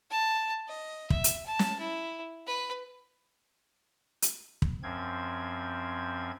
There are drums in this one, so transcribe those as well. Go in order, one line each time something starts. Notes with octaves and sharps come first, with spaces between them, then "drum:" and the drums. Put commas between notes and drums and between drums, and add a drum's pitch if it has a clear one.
A5
D#5
E5, drum: kick
drum: hi-hat
A5
drum: snare
E4
B4
drum: hi-hat
drum: kick
F#2 F3 C4 G#6